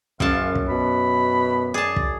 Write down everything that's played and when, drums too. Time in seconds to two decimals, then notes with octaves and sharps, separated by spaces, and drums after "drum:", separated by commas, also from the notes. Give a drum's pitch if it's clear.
0.20 F#1 F#2 F5 A5, drum: kick
0.55 drum: kick
0.69 B2 B5
1.74 G#4 D5 A5
1.96 drum: kick